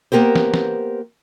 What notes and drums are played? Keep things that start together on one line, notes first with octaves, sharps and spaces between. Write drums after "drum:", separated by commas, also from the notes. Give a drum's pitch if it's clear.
A#3 B3 G4 A#4 C5
drum: snare
drum: snare